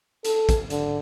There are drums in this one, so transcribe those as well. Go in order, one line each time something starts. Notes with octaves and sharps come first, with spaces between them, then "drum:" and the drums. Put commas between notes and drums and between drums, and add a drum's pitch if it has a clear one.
A4, drum: hi-hat
drum: kick, hi-hat
D3, drum: hi-hat